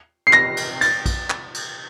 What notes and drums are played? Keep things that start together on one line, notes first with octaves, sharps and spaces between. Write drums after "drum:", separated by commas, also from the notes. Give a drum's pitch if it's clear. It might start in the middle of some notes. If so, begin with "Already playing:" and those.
C7
A#6, drum: clap
drum: cymbal
A6, drum: cymbal
drum: kick, cymbal
drum: clap
drum: cymbal